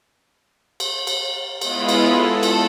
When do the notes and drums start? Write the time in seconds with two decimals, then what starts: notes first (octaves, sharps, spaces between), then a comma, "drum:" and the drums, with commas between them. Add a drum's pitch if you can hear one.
0.80 drum: cymbal
1.07 drum: cymbal
1.61 G#3 B3 E4 F4, drum: cymbal
1.89 drum: cymbal
2.06 A4
2.43 drum: cymbal